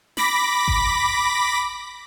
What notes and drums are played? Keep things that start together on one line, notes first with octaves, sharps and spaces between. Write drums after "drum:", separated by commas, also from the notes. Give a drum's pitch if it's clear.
B5 D6 A#6 B6, drum: snare
drum: kick G#1